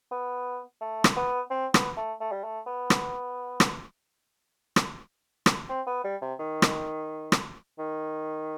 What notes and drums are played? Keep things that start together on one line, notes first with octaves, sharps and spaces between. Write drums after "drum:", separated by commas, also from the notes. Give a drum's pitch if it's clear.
B3
A3
drum: rim click
B3
C4
B3, drum: rim click
A3
A3
G3
A3
B3
drum: rim click
drum: rim click
drum: rim click
drum: rim click
C4
B3
G3
C3
D#3
drum: rim click
drum: rim click
D#3